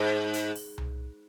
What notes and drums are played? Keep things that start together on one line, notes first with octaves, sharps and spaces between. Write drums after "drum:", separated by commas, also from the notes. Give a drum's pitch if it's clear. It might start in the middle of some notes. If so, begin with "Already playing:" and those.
Already playing: G#2
drum: hi-hat
drum: open hi-hat
drum: tom C2